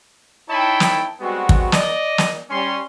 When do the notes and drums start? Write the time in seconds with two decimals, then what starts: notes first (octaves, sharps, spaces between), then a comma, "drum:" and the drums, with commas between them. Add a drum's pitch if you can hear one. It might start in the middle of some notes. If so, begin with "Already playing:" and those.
0.50 D#4 E4 C#5 G5 A5 B5
0.80 drum: snare
1.20 G3 G#3 B3 C4 F#4
1.49 drum: kick
1.72 D5 D#5, drum: snare
2.18 drum: snare
2.50 G3 C#4 C6